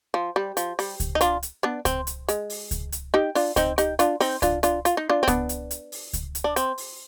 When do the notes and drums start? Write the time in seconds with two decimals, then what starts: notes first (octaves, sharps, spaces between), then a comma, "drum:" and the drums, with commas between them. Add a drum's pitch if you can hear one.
0.14 F3
0.36 G3
0.57 F3, drum: hi-hat
0.79 G3, drum: open hi-hat
1.00 drum: kick C#2, hi-hat
1.15 D#4
1.21 D4 F4, drum: hi-hat
1.43 drum: hi-hat
1.63 B3 D4
1.85 C4, drum: kick C#2, hi-hat
2.07 drum: hi-hat
2.28 G#3, drum: hi-hat
2.50 drum: open hi-hat
2.71 drum: kick C#2, hi-hat
2.92 drum: hi-hat
3.14 D#4 G4
3.35 D4 F4, drum: open hi-hat
3.56 C4 D#4, drum: kick C#2, hi-hat
3.78 D#4 G4, drum: hi-hat
3.99 D4 F4, drum: hi-hat
4.21 C4 D#4, drum: open hi-hat
4.42 D4 F4, drum: kick C#2, hi-hat
4.63 D4 F4, drum: hi-hat
4.85 F4, drum: hi-hat
4.97 D#4
5.09 D4 F4
5.23 C4
5.28 B3 D4, drum: kick C#2, hi-hat
5.49 drum: hi-hat
5.71 drum: hi-hat
5.92 drum: open hi-hat
6.13 drum: kick C#2, hi-hat
6.35 drum: hi-hat
6.44 D4
6.56 C4, drum: hi-hat
6.78 drum: open hi-hat